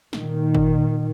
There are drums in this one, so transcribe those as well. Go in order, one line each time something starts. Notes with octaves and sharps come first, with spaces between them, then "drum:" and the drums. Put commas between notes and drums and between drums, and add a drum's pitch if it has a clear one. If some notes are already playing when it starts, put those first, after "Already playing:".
A#2 D#3, drum: snare
drum: kick G1